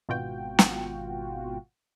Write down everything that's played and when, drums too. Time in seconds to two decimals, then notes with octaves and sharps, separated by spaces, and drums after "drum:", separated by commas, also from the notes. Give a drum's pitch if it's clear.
0.09 G#1 B2 F4 F#4 G5
0.59 drum: snare